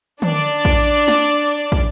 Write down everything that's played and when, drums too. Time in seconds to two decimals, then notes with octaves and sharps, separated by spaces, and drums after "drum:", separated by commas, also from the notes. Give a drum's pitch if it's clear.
0.22 D4 D5, drum: tom
0.65 drum: kick
1.08 drum: snare
1.72 drum: kick